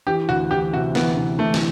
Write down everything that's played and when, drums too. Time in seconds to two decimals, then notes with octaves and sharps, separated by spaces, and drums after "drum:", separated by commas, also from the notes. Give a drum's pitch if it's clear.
0.07 E3 G4
0.29 D2 F#4
0.51 E3 G4
0.73 C3 F#4
0.95 E3 B3, drum: snare
1.17 C3
1.39 E3 A3
1.54 drum: snare